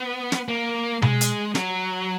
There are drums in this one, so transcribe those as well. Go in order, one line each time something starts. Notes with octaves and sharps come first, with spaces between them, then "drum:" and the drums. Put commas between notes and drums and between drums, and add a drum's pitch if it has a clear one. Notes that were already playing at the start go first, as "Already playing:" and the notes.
Already playing: B3
drum: snare
A#3
G#3, drum: tom B2
drum: hi-hat
F#3, drum: snare